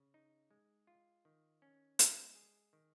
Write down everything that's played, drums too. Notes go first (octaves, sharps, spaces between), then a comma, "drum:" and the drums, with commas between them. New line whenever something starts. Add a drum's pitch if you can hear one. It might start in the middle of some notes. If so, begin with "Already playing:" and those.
Already playing: C#3
D#4
G#3
F4
D#3
C#4
G#3, drum: hi-hat
G#4
D#3